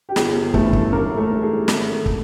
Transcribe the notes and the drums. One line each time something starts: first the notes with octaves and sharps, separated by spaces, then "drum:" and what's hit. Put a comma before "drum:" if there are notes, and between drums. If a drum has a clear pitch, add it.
G4
G1 G#4, drum: snare
G2 E3 G3 A3 A4, drum: kick
drum: kick
A1 A#3 A#4
A3 A4
G#2 E3 G3
G#4
G#1 A3 A4, drum: snare
drum: kick